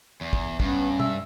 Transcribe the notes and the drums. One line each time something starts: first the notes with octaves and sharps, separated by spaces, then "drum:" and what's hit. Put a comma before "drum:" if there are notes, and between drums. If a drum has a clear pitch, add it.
E2
drum: kick
G2 B3 C#4, drum: kick
E5, drum: tom B2